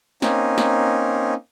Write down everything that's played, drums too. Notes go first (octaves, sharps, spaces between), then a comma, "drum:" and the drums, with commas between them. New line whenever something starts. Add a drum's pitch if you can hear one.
A#3 C4 C#4 D#4, drum: snare
drum: snare